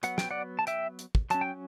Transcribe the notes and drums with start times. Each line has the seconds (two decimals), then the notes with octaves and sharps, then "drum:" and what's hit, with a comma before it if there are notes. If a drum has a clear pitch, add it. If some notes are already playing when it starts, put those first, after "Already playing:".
0.03 F#3 B3 F#5, drum: hi-hat
0.18 G5, drum: snare
0.31 D5 F#5
0.59 A5
0.67 E5 G5, drum: hi-hat
0.99 drum: hi-hat
1.15 drum: kick
1.30 F#3 C#4 A5, drum: hi-hat
1.41 G5